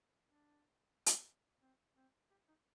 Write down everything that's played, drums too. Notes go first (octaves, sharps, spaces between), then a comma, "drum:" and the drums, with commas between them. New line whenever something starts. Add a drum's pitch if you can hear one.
D4
drum: hi-hat
C4
C4
G4
D#4